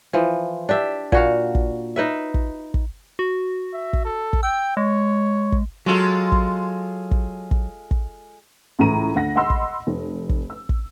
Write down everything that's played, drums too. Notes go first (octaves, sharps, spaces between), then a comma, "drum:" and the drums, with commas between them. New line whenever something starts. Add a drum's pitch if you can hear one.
E3 F3
D4 G4 E5
A#2 F#4 F5, drum: kick
drum: kick
D#4 B4 E5
drum: kick
drum: kick
F#4
E5
drum: kick
A4
drum: kick
G5 E6
G#3 C#5
drum: kick
F#3 G#3 F4 A4
drum: kick
drum: kick
drum: kick
drum: kick
C#2 A2 E3 A#5 D#7
D2 F#5 A#6
D#5 F#5 B5 C6 E6
drum: kick
F1
drum: kick
E6
drum: kick